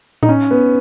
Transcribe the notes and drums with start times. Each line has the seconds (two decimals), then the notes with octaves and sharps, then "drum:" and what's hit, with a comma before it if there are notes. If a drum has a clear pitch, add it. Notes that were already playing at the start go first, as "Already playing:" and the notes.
0.23 D#4, drum: tom A2
0.29 C#4
0.51 B3